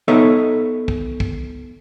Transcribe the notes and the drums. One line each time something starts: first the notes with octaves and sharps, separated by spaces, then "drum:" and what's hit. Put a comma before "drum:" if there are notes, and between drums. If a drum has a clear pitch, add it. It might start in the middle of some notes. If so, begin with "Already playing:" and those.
B3 D#4 A4 C#5 D#5 E5
drum: kick
drum: kick